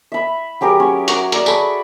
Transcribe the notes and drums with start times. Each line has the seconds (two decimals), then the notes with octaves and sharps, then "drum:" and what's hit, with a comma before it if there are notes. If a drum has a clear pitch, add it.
0.12 E5 B5
0.61 F#3 G4 G#4 A#4
0.80 C#4 C#5
1.08 F#4 A#4 D6, drum: hi-hat
1.32 A#4 D5, drum: hi-hat
1.46 G#4 A4 B5, drum: tambourine